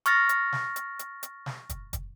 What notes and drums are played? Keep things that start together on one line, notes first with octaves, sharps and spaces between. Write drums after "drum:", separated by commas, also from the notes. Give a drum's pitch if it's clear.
C#6 F6 A6 A#6, drum: hi-hat
drum: hi-hat
drum: snare
drum: hi-hat
drum: hi-hat
drum: hi-hat
drum: snare
drum: kick, hi-hat
drum: kick, hi-hat